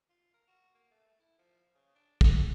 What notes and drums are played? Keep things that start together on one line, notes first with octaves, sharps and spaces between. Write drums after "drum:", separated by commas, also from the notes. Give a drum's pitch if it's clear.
F4
A#4
F#4
A#3
A3
E4
F3
C#3
D4
D#5, drum: kick